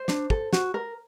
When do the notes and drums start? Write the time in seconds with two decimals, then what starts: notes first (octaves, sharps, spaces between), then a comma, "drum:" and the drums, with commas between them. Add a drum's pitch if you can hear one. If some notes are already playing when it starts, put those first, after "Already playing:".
Already playing: C5
0.08 D4, drum: snare
0.30 A4, drum: kick
0.53 F#4, drum: snare
0.74 A#4